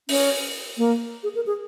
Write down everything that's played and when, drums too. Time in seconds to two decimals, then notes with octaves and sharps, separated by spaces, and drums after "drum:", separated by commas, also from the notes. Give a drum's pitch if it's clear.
0.09 C#4, drum: open hi-hat
0.77 A#3
1.23 G#4
1.35 A#4
1.46 G#4